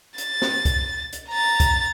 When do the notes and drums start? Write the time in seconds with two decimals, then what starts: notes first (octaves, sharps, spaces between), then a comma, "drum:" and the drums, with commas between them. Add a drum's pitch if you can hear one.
0.18 A6, drum: hi-hat
0.42 drum: snare
0.65 drum: kick C2, hi-hat
1.13 drum: hi-hat
1.30 A#5 A6
1.60 drum: kick C2, hi-hat